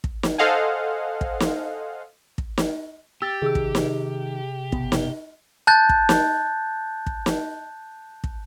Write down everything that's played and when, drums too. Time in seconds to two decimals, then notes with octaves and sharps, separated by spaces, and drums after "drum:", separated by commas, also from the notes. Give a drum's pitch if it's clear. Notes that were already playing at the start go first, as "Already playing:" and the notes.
0.04 drum: kick
0.23 drum: snare
0.38 A4 C5 D#5 F5 F#5 G#5
1.21 drum: kick
1.40 drum: snare
2.38 drum: kick
2.58 drum: snare
3.22 G4 E6 A6
3.42 C3 D#3 G#4 E6
3.55 drum: kick
3.75 drum: snare
4.72 G1 B2 B3, drum: kick
4.92 drum: snare
5.67 A5 F#6 G6 A6
5.89 drum: kick
6.09 drum: snare
7.06 drum: kick
7.26 drum: snare
8.24 drum: kick